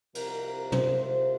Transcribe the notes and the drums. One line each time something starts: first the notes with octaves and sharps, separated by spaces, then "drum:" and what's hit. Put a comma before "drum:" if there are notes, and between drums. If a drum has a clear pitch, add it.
C2 C3 F3 A#4, drum: cymbal
C5, drum: tom
C5